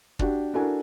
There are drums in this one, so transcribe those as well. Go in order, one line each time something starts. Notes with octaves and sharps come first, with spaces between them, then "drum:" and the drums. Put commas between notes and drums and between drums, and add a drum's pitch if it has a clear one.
D4 F#4 G4, drum: kick
D4 E4 F#4 A4 A#4 G#5